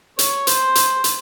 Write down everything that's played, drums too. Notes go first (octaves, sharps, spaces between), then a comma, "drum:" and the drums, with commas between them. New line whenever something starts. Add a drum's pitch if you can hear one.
C#5, drum: hi-hat
C5, drum: hi-hat
drum: hi-hat
drum: hi-hat